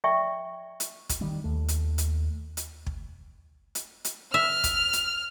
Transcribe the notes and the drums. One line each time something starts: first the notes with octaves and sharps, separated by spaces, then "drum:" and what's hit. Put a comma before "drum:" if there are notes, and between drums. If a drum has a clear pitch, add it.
D5 E5 G5 C#6
drum: hi-hat
drum: kick, hi-hat
D#3 G3
D#2 A3
drum: hi-hat
drum: hi-hat
drum: hi-hat
drum: kick
drum: hi-hat
drum: hi-hat
E5 F6
drum: kick, hi-hat
drum: hi-hat